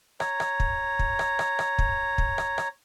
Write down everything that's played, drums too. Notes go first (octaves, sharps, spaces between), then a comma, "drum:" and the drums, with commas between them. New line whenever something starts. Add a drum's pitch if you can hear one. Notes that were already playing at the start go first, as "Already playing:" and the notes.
C#5 A#5, drum: rim click
drum: rim click
drum: kick
drum: kick
drum: rim click
drum: rim click
drum: rim click
drum: kick
drum: kick
drum: rim click
drum: rim click